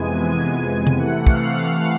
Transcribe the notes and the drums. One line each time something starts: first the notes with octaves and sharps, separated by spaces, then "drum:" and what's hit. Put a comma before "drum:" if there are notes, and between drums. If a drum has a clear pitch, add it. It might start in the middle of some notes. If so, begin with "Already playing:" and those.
Already playing: F2 C3 E3 G#3 B3 G#5
drum: tom C3
C3 E3 A3 F#5
F5, drum: kick
F5